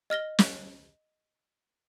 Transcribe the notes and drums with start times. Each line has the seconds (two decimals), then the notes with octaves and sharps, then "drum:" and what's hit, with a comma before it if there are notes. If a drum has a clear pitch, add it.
0.10 D#5 F6 A#6 G7
0.39 drum: snare